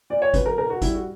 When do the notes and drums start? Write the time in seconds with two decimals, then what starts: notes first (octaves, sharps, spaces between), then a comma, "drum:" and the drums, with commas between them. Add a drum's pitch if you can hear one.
0.10 A#2 D5
0.22 C#5
0.34 F#3 B4, drum: kick, hi-hat
0.46 A#4
0.57 B2 A#4
0.70 F#4
0.82 G3 E4, drum: kick, hi-hat
0.95 F#4